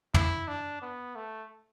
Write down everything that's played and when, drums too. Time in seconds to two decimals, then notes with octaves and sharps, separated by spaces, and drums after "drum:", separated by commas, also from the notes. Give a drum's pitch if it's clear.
0.14 E4, drum: tom
0.48 D4
0.82 B3
1.16 A3